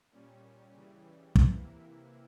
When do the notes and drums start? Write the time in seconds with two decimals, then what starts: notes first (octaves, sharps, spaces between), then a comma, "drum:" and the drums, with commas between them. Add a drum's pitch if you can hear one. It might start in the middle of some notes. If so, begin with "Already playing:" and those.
0.12 A#2 G3 C#4
0.73 C#3 E3 G3
1.35 C3 E3 A#3 E4, drum: kick